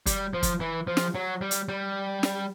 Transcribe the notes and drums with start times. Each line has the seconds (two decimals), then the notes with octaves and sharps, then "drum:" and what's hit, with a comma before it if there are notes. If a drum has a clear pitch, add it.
0.06 G3, drum: kick, hi-hat
0.34 F3
0.43 drum: kick, hi-hat
0.60 E3
0.87 F3
0.97 drum: snare
1.15 F#3
1.41 G3
1.51 drum: hi-hat
1.69 G3
2.23 drum: snare